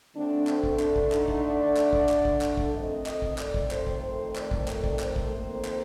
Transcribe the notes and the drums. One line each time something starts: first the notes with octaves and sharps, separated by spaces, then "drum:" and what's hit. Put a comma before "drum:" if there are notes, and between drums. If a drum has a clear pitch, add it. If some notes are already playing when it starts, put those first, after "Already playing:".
D3 A3 C4 D4
C4, drum: clap
drum: kick
D4, drum: clap
drum: kick
D#4, drum: clap
drum: kick
D5
drum: clap
drum: kick
drum: clap
drum: kick
drum: clap
drum: kick
F2 D#3 A3 C4 D#5
D#5, drum: clap
drum: kick
D5, drum: clap
drum: kick
C5, drum: clap
drum: kick
C5
D5, drum: clap
drum: kick
D5, drum: clap
drum: kick
C5, drum: clap
drum: kick
F2 D#3 A#3
drum: clap